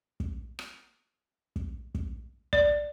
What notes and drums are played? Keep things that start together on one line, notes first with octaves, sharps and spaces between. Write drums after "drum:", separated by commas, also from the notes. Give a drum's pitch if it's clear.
drum: kick
drum: rim click
drum: kick
drum: kick
D5, drum: kick